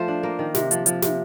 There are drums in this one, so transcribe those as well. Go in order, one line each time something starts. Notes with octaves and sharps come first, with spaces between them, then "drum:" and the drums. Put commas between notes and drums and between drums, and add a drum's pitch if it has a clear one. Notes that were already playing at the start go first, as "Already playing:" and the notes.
Already playing: F3 A3 C5
D4
A#3
D#3
C3, drum: snare
F3, drum: hi-hat
F3, drum: hi-hat
C3, drum: snare